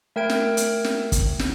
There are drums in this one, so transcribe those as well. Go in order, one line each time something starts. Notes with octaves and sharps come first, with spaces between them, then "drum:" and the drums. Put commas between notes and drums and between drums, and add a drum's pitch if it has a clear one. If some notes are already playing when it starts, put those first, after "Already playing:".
A3 A#4 G5 G#6 D7
drum: snare
drum: hi-hat
drum: snare
drum: kick, hi-hat
drum: snare